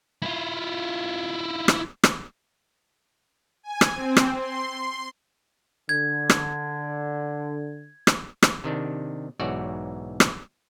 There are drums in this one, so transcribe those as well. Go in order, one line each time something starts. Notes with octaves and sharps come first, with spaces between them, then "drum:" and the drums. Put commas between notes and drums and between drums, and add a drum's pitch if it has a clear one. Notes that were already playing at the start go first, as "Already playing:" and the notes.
E4 F4
drum: rim click
drum: rim click
G#5
drum: rim click
C4
drum: rim click
C6
D3 G#6
drum: rim click
drum: rim click
drum: rim click
C3 D#3 D4
B1 G#2 E3 F#4 C#5 D5
drum: rim click